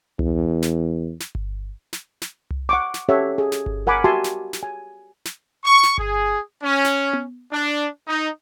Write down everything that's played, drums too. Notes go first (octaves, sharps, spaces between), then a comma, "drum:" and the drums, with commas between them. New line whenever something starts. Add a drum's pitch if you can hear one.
E2, drum: tom C2
drum: snare
drum: snare
drum: kick G1
drum: snare
drum: snare
drum: tom C2
F#5 C#6 D6
drum: snare
C#4 G4 A4 C#5 E5 F#5
G#4
drum: snare
drum: kick G1
A#4 F#5 G#5 B5 D6
F#4 G4 E5 G#5 A5 C6
drum: snare
drum: snare
G#5
drum: snare
C#6
drum: snare
G#4, drum: kick G1
C#4
drum: snare
drum: tom B3
D4
D#4